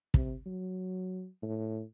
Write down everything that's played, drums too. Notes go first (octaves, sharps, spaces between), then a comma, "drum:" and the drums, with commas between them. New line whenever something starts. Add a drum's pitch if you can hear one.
C3, drum: kick
F#3
A2